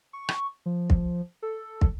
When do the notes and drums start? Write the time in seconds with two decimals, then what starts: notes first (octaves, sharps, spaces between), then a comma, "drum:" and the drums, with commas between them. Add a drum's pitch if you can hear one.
0.13 C#6
0.29 drum: rim click
0.66 F3
0.90 drum: kick
1.42 A4
1.81 drum: kick